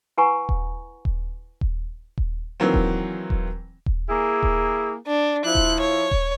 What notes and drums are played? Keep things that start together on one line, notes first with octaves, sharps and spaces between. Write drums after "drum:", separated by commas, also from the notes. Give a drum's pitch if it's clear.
E4 B4 F#5 G#5 A#5 C#6
drum: kick D#1
drum: kick D#1
drum: kick D#1
drum: kick D#1
D#3 E3 F#3 A#3 C4
drum: kick D#1
drum: kick D#1
drum: kick D#1
A#3 E4 G#4
drum: kick D#1
D4
F3 E4 F#6
drum: kick D#1
C#5
drum: kick D#1